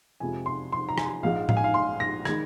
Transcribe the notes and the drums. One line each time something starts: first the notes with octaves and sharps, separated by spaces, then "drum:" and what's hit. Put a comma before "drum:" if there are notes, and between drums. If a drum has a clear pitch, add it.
F2 C3 F3 G#3 G#5
C6
C6
A#5
G#5, drum: rim click
A#1 G#2 G#3 F5
F5, drum: tom A2
G#5
F5
C6
A#6
D#3 G#3 G#6, drum: rim click